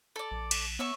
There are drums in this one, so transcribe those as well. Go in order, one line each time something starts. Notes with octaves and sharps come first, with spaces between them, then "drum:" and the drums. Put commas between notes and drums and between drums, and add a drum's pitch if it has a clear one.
A4 D5
A#1
drum: cymbal
B3 C#5 E5 C#6